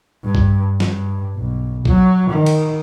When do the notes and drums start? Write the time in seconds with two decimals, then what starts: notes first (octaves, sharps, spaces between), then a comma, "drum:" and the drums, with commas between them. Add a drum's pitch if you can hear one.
0.24 G2
0.35 drum: kick A#1
0.80 G2, drum: snare
1.36 B1
1.85 F#3, drum: kick A#1
2.31 D#3
2.46 drum: cymbal